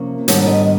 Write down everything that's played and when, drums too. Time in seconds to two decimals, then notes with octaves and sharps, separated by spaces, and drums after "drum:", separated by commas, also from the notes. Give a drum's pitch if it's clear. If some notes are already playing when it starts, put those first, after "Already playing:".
Already playing: C3 F3 A#3 C#4
0.28 G#2 D#3 G3 B3 D4 C#5, drum: hi-hat
0.47 D#5